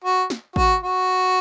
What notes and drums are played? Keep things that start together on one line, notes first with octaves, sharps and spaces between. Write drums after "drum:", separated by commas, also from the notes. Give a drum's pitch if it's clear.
F#4
drum: snare
F#4, drum: kick
F#4